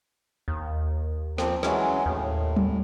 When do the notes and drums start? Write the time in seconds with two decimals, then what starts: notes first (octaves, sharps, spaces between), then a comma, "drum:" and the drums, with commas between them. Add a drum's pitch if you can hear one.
0.48 D#2
1.38 F3 A#3 C4, drum: snare
1.63 E3 F#3 G#3 C#4, drum: snare
2.06 D#2 A2
2.56 drum: tom F#3